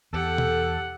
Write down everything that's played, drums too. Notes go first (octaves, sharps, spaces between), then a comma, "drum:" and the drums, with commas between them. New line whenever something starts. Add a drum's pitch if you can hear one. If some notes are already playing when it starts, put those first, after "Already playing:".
E2 G4 A4 F#5
drum: tom